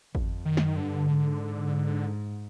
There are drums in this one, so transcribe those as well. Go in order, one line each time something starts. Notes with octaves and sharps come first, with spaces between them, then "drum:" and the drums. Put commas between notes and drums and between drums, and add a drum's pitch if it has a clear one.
F2, drum: kick
F#2 D#3
drum: snare
G2 D3
G#2